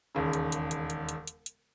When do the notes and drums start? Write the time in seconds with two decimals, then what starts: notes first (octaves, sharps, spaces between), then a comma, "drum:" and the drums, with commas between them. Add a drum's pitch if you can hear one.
0.15 E1 D#2 C#3
0.33 drum: hi-hat
0.52 drum: hi-hat
0.71 drum: hi-hat
0.90 drum: hi-hat
1.09 drum: hi-hat
1.27 drum: hi-hat
1.46 drum: hi-hat